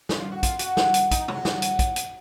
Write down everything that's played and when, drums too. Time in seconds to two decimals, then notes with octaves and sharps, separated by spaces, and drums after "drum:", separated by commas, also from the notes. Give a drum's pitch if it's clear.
0.09 C#4, drum: snare
0.20 F4
0.32 F#4
0.43 F4, drum: kick, hi-hat
0.59 F#4, drum: hi-hat
0.77 drum: snare
0.94 drum: hi-hat
1.11 D#4, drum: kick, hi-hat
1.28 F#3, drum: tom
1.45 drum: snare
1.62 drum: hi-hat
1.79 drum: kick, hi-hat
1.96 drum: hi-hat